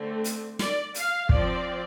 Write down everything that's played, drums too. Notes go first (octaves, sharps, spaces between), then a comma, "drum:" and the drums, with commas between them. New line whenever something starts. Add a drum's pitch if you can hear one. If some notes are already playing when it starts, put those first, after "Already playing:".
Already playing: D3 A3 C4
drum: hi-hat
D5, drum: snare
F5, drum: hi-hat
F3 C4 D5, drum: kick